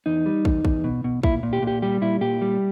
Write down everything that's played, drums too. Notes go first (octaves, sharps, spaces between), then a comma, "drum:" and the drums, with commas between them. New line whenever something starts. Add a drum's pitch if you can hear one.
E2 D#4
G3
E2, drum: kick
E2, drum: kick
B2
B2
A#2 E4, drum: kick
A#2
G4
A#2
G4
G3 G4
A#2 E4
A#2 G4
G3